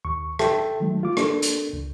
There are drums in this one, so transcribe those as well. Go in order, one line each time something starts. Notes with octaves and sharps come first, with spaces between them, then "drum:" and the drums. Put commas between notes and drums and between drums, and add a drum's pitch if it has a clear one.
D#2 C#6
A4 E5 G5 A5, drum: rim click
D#3 F#3 G#3 A3
F4 D6
A#3 D4 A4, drum: rim click
drum: hi-hat
C#2